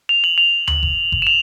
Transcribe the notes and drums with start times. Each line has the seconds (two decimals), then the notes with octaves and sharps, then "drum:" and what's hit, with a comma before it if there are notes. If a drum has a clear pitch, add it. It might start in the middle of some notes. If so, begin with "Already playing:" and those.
0.09 F7
0.24 F#7
0.38 F7
0.68 F#7, drum: tom D2
0.83 drum: kick F#1
1.12 drum: kick F#1
1.22 E7
1.27 F7